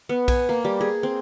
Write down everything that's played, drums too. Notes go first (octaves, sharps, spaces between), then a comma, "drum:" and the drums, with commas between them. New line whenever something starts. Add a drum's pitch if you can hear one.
B3
G#5, drum: kick B1, cymbal
A#3
G3
G#4
C4